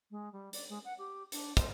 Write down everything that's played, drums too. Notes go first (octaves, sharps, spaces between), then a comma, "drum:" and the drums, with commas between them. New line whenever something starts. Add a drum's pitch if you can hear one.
G#3
G3
D5, drum: hi-hat
G#3
F#5
G4
D4, drum: hi-hat
C5, drum: kick, hi-hat